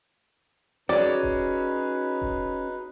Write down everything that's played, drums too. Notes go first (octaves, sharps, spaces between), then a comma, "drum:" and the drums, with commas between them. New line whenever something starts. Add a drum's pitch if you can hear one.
C#4 D#4 F#4 G#4 B4 D5, drum: snare
drum: open hi-hat
drum: kick E1
drum: kick E1